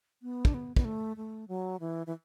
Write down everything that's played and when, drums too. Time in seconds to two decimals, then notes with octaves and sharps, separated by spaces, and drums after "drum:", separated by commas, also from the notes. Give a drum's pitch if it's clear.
0.23 B3
0.45 D4, drum: kick
0.54 B3
0.76 B3, drum: kick
0.85 A3
1.17 A3
1.48 F#3
1.80 E3
2.07 E3